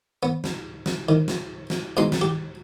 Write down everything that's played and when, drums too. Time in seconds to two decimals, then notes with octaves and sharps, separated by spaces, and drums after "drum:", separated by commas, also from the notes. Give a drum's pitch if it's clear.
0.23 B3
0.44 drum: snare
0.86 drum: snare
1.09 D#3
1.28 drum: snare
1.70 drum: snare
1.97 B2 G#3 D#4 C6
2.12 drum: snare
2.21 G4